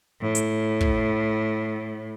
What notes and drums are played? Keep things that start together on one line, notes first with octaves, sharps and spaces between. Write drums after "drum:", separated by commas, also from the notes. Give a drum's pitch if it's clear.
A2
drum: hi-hat
drum: kick